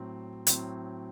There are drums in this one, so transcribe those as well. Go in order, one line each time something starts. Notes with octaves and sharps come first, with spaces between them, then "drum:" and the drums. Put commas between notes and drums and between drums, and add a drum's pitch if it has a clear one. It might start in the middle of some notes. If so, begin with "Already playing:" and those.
Already playing: A2 F#3 C4
A2 F#3 C4, drum: hi-hat